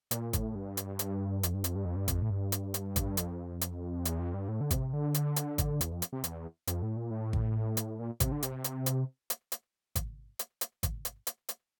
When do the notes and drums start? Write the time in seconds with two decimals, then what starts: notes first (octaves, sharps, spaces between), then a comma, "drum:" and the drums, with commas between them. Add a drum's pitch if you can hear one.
0.11 A#2, drum: hi-hat
0.33 A2, drum: kick G#1, hi-hat
0.55 G2
0.77 drum: hi-hat
0.99 drum: hi-hat
1.43 F2, drum: hi-hat
1.54 G2
1.64 F2, drum: hi-hat
1.76 G2
1.85 F2
1.96 G2
2.08 F2, drum: kick G#1, hi-hat
2.22 A2
2.30 G2
2.52 drum: hi-hat
2.74 drum: hi-hat
2.96 drum: kick G#1, hi-hat
3.17 F2, drum: hi-hat
3.61 drum: hi-hat
4.05 E2, drum: hi-hat
4.19 F2
4.34 G2
4.48 A2
4.61 D3
4.71 C3, drum: kick G#1, hi-hat
4.93 D3
5.14 drum: hi-hat
5.36 drum: hi-hat
5.58 drum: kick G#1, hi-hat
5.81 E2, drum: hi-hat
5.92 F2
6.02 drum: hi-hat
6.13 C3
6.24 E2, drum: hi-hat
6.67 F2, drum: hi-hat
6.83 A2
6.97 A#2
7.11 A2
7.33 drum: kick G#1
7.77 drum: hi-hat
7.99 A#2
8.20 C3, drum: kick G#1, hi-hat
8.32 D3
8.43 C3, drum: hi-hat
8.64 drum: hi-hat
8.86 drum: hi-hat
9.30 drum: hi-hat
9.52 drum: hi-hat
9.95 drum: kick G#1, hi-hat
10.39 drum: hi-hat
10.61 drum: hi-hat
10.83 drum: kick G#1, hi-hat
11.05 drum: hi-hat
11.27 drum: hi-hat
11.49 drum: hi-hat